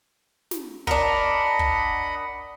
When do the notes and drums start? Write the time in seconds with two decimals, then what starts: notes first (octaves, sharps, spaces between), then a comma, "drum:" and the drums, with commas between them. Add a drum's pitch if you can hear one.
0.51 drum: snare
0.87 D4 A#4 D#5 F#5 B5, drum: kick
1.59 drum: kick